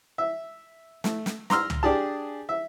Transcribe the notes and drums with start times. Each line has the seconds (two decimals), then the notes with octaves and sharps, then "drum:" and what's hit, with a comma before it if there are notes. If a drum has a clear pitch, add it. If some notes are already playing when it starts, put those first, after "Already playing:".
0.18 E5
1.04 A3, drum: snare
1.26 drum: snare
1.50 A#5 C6 E6 F6, drum: snare
1.70 drum: tom
1.83 D4 G4 G#4 A5
2.49 E5